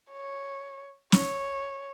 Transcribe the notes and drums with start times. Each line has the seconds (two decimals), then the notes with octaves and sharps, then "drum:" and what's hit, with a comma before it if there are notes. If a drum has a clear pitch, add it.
0.11 C#5
1.12 C#5, drum: snare